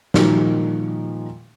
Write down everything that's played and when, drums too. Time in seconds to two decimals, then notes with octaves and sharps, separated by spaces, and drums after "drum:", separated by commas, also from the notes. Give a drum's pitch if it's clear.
0.14 A#2 D#3 F3 G3 D#4 F#4, drum: snare